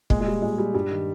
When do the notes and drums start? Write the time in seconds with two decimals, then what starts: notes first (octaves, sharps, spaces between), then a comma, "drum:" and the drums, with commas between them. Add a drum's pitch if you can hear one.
0.10 A#2 G#3, drum: kick
0.21 G#3
0.27 G3
0.42 A#2 G#3
0.58 G3
0.74 G2 G3
0.91 D#3